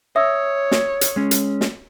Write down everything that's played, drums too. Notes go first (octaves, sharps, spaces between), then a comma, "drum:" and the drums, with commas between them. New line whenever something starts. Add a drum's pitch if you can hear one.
C#5 E5 D#6 E6
drum: snare
drum: hi-hat
G#3 C#4
drum: hi-hat
drum: snare